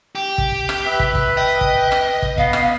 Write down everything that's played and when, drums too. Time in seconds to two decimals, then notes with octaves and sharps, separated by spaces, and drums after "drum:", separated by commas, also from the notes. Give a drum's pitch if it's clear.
0.15 G4
0.38 drum: kick
0.69 drum: rim click
0.87 B4 E5
1.00 drum: kick
1.15 drum: kick
1.37 D#5 G5
1.61 drum: kick
1.92 drum: rim click
2.22 drum: kick
2.38 B3 F5, drum: kick
2.53 drum: rim click